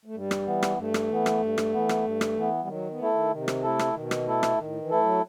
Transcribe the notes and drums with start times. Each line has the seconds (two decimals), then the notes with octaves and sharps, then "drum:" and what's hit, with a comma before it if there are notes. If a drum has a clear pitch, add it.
0.05 A3
0.15 G2 G3
0.31 drum: rim click
0.47 E3 B3
0.63 drum: rim click
0.78 G2 A3
0.94 drum: rim click
1.10 E3 B3
1.26 drum: rim click
1.42 G2
1.58 drum: rim click
1.74 E3 B3
1.89 drum: rim click
2.05 G2
2.21 drum: rim click
2.37 E3 B3
2.61 G3
2.68 D#3 F#3
2.90 B3
3.01 A3 E4 A4
3.11 D#3
3.32 C3 D#3
3.48 drum: rim click
3.63 A3 E4 A4
3.79 drum: rim click
3.95 B2 D#3
4.11 drum: rim click
4.27 A3 E4 A4
4.43 drum: rim click
4.59 A2 D#3
4.80 E3
4.90 A3 E4 A4
5.01 F#3